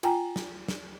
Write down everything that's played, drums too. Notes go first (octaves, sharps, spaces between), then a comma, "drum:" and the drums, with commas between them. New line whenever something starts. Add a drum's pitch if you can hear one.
F4 G5 G#5 A#5, drum: cymbal
drum: snare
drum: snare